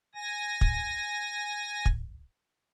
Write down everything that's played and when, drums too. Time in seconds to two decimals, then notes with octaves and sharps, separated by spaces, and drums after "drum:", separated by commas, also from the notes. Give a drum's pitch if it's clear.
0.15 G#5 A#6
0.61 drum: kick
1.86 drum: kick